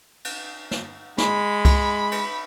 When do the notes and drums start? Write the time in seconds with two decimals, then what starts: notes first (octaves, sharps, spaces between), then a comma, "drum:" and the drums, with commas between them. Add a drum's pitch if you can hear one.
0.25 drum: cymbal
0.71 drum: snare
1.18 G#3 B5, drum: snare
1.65 drum: kick C2, cymbal
2.12 drum: cymbal